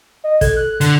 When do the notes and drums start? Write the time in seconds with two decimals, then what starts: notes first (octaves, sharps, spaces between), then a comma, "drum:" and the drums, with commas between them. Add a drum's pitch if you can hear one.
0.24 D#5
0.41 A4 G#6, drum: kick, hi-hat
0.56 F#6
0.81 D3, drum: hi-hat